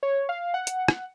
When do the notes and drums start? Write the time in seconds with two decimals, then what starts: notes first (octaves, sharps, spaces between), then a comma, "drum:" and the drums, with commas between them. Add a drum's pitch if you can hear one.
0.03 C#5
0.29 F5
0.54 F#5
0.67 drum: hi-hat
0.88 drum: rim click